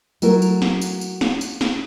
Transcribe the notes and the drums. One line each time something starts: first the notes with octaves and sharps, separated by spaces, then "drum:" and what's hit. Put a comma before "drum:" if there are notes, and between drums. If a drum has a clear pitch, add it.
F#3 A3 E4 A#4, drum: tambourine
drum: tambourine
drum: snare
drum: tambourine
drum: tambourine
drum: snare
drum: tambourine
drum: snare